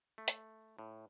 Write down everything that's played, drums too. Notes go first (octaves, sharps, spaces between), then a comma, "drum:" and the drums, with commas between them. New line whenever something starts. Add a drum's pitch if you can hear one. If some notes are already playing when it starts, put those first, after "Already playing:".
A3
drum: hi-hat
A2